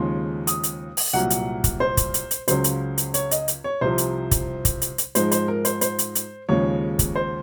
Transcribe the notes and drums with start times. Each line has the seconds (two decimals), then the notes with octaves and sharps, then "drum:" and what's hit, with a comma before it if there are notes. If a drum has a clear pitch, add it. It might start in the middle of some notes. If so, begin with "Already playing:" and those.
Already playing: D#2 C#3 F3 G#3 C6
0.47 D#6, drum: hi-hat
0.63 drum: hi-hat
0.97 drum: open hi-hat
1.13 C2 A#2 F#3 F#5
1.30 drum: hi-hat
1.64 drum: kick, hi-hat
1.80 C5
1.97 drum: kick, hi-hat
2.14 drum: hi-hat
2.31 drum: hi-hat
2.48 C#2 C#3 F#3 C5, drum: hi-hat
2.64 drum: hi-hat
2.98 drum: hi-hat
3.14 C#5, drum: hi-hat
3.31 D#5, drum: hi-hat
3.48 drum: hi-hat
3.64 C#5
3.81 C2 C3 F3 C5
3.98 drum: hi-hat
4.31 drum: kick, hi-hat
4.65 drum: kick, hi-hat
4.82 drum: hi-hat
4.98 drum: hi-hat
5.15 G#2 F3 G#3 C5, drum: hi-hat
5.31 C5, drum: hi-hat
5.48 A#4
5.65 C5, drum: hi-hat
5.81 C5, drum: hi-hat
5.99 drum: hi-hat
6.15 drum: hi-hat
6.49 D#2 C#3 F3 G#3 C#5
6.99 drum: kick, hi-hat
7.16 C5